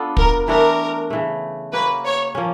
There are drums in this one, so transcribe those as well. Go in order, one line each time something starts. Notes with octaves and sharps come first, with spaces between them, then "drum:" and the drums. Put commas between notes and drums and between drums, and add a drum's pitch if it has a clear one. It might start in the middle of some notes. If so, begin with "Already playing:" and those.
Already playing: B3 D4 F4 A4
A#4, drum: kick
E3 A3 D4 A#4
C#3 E3 A3
A#3 C#4 F#4 A#4 B4
C#5
F3 A#3 C#4